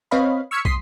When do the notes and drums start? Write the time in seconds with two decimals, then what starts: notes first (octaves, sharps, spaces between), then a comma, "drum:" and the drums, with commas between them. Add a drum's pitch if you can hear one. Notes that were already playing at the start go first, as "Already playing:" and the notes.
0.11 C4 B4 C#5 D#5 F5 B5
0.51 C#6 E6 F6 G#6 B6 C#7
0.65 C6 D#6 B6 C7, drum: kick